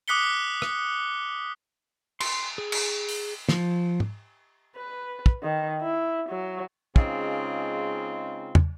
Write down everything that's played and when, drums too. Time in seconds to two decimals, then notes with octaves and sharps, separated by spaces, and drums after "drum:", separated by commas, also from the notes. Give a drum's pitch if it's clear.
0.08 D6 D#6 F#6 B6 C#7 G7
0.62 drum: rim click
2.20 C6, drum: cymbal
2.58 G#4
2.72 drum: cymbal
3.09 drum: open hi-hat
3.49 F3, drum: snare
4.00 drum: tom
4.76 B4
5.26 drum: kick
5.43 D#3
5.82 E4
6.30 F#3
6.96 C#3 G#3 C4 D#4 F4, drum: kick
8.55 drum: tom